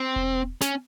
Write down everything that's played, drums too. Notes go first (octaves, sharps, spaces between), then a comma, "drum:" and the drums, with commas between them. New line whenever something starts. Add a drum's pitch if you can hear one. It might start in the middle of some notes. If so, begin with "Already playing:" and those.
Already playing: C4
drum: kick E1
C#4, drum: snare